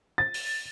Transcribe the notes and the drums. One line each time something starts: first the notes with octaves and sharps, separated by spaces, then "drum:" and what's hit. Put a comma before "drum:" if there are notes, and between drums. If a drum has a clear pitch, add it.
A6
drum: open hi-hat